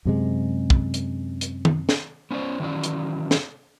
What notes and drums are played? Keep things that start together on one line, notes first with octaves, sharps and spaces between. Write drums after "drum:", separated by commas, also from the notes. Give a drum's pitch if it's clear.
F#2 C3 G#3
drum: kick
drum: hi-hat
drum: hi-hat
drum: tom D#3
drum: snare
B3 C#4 E4 C5 D5
D#3 E3 F#3 C#4 D5
drum: hi-hat
drum: snare